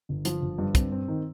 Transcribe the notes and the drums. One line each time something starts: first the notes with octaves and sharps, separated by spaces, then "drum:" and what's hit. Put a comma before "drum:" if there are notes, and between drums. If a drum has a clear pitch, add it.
G1
F3, drum: hi-hat
G1
G2
C4, drum: kick, hi-hat
C4
D#3